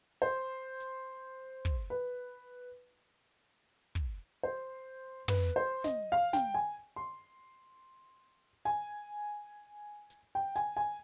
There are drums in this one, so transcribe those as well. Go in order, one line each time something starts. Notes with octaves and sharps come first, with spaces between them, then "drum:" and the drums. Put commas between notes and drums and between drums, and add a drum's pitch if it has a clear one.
C5
drum: hi-hat
drum: kick
B4
drum: kick
C5
B4, drum: tom
C5
D#5, drum: snare
F5
G5, drum: snare
G#5
C6
G#5, drum: hi-hat
drum: hi-hat
G5
G#5, drum: hi-hat
G#5